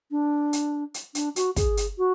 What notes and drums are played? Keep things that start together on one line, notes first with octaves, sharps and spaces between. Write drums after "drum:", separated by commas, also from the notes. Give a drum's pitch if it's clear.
D4
drum: hi-hat
drum: hi-hat
D4, drum: hi-hat
F#4, drum: hi-hat
G#4, drum: kick, hi-hat
drum: hi-hat
F#4